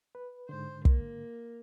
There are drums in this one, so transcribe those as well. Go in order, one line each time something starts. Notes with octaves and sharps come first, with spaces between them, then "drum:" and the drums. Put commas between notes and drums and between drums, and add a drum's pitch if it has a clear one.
B4
G#2 D3 C5
A#3, drum: kick